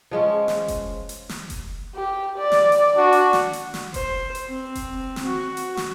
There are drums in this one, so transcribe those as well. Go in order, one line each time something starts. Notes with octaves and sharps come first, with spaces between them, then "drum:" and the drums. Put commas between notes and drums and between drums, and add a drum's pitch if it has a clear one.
F3 G#3 C#4
drum: snare
drum: kick F1, hi-hat
drum: hi-hat
drum: snare
drum: kick F1, hi-hat
G4
D5
drum: snare
drum: hi-hat
D4 F#4
drum: hi-hat
drum: snare
drum: hi-hat
drum: snare
C5, drum: kick F1, hi-hat
drum: hi-hat
C4
drum: kick F1, hi-hat
drum: snare
F#4
drum: hi-hat
drum: snare